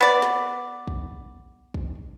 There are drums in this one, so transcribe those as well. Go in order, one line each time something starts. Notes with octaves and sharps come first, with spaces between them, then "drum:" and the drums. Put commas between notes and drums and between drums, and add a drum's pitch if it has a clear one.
B3 D5
drum: snare
drum: kick
drum: kick